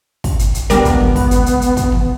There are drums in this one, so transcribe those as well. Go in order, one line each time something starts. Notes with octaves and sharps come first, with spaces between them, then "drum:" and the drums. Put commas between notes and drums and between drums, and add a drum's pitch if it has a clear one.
drum: kick, open hi-hat
drum: hi-hat
drum: hi-hat
C#2 G3 B3 D4 A#4, drum: hi-hat
drum: kick, hi-hat
drum: tom
drum: kick, open hi-hat
drum: hi-hat
drum: hi-hat
drum: hi-hat
drum: kick, hi-hat
drum: tom